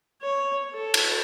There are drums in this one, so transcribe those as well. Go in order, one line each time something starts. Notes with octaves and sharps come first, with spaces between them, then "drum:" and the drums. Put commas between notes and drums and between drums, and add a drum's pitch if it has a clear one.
C#5
A4
drum: cymbal